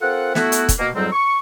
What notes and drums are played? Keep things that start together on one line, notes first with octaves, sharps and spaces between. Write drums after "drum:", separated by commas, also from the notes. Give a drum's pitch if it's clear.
C4 F4 A4 A#4 F#5
A3 B3 E4 F#4, drum: snare
drum: hi-hat
drum: kick, hi-hat
B2 A#3
F2 G#2 F#3 G3 C4
C#6